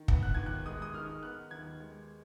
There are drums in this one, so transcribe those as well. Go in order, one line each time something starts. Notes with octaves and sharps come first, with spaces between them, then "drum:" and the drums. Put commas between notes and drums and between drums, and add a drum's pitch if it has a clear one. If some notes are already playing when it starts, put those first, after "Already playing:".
Already playing: D#3
B3, drum: kick
F#6
D#2 G#6
F#6
G#3 D#6
D#6
D#3 F6
B3 F#6
D#2 G#6
G#3